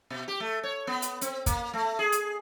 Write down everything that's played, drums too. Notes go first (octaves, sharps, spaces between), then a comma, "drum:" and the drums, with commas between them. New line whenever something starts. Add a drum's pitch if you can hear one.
B2
G4
A3
C#5
B3
drum: hi-hat
C4, drum: hi-hat
A#3, drum: kick, hi-hat
A3
G#4
drum: hi-hat